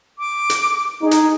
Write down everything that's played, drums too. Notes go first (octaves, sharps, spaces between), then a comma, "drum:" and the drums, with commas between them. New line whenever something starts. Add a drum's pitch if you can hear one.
D6
drum: hi-hat
D#4 G#4
drum: hi-hat